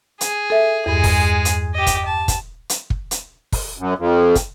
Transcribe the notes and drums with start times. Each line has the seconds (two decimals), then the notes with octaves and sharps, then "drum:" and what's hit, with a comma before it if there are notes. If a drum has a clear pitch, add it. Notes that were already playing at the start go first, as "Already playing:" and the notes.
0.21 G#4, drum: hi-hat
0.50 A4 E5
0.86 E2 G2 G#3 G#4
1.04 drum: kick, open hi-hat
1.45 drum: hi-hat
1.74 G4 D#5
1.87 drum: kick, hi-hat
2.05 A5
2.28 drum: kick, hi-hat
2.69 drum: hi-hat
2.90 drum: kick
3.11 drum: hi-hat
3.52 drum: kick, open hi-hat
3.78 F#2
3.98 F2
4.35 drum: kick, hi-hat